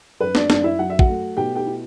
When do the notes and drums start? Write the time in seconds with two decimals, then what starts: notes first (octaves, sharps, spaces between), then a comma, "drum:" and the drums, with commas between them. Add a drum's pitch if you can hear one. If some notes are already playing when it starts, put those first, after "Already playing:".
0.20 F#2 B4
0.35 D4 D5, drum: snare
0.50 F#2 D4 D5, drum: snare
0.64 E4 E5
0.79 F#3 F#5
0.90 E5
0.99 F#4 F#5, drum: kick
1.08 A3
1.36 B2 G4 G5
1.55 G4 G5
1.66 E4